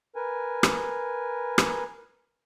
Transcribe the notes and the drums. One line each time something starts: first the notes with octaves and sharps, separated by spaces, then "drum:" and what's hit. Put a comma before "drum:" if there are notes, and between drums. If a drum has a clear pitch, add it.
A#4 B4 G#5
drum: rim click
drum: rim click